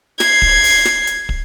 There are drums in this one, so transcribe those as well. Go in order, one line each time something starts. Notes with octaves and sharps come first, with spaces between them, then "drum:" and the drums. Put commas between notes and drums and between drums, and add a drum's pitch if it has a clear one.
G#6 C7, drum: snare
drum: kick
drum: open hi-hat
drum: snare
drum: hi-hat
drum: kick